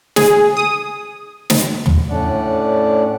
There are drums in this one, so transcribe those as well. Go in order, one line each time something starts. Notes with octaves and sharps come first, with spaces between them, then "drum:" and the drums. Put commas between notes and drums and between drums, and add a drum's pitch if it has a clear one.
G#4, drum: snare
D#6
drum: snare
drum: tom
A2 A3 C#4 D4 D5 F#5